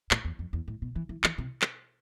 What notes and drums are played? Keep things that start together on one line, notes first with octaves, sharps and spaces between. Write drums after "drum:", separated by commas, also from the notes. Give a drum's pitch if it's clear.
A2, drum: clap
E2
F2
E2
A2
B2
E3
E3
E3, drum: clap
C3
drum: clap